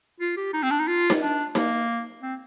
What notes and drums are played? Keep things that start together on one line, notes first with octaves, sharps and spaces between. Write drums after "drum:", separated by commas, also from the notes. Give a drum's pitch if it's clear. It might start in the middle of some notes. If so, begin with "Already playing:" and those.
F4
G4
D#4
C4
D4
D#4
F4
drum: snare D#4
D4
A#3, drum: snare D#4
C4